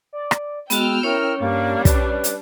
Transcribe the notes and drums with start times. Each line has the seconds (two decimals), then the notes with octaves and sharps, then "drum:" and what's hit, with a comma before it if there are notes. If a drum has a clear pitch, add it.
0.13 D5
0.31 drum: rim click
0.70 G#3 B3 F#4 G5 E6 F6, drum: hi-hat
1.03 C#4 E4 A#4 C#5
1.40 G2 G3 A#3 D4
1.85 B4 D5, drum: kick, hi-hat
2.24 drum: hi-hat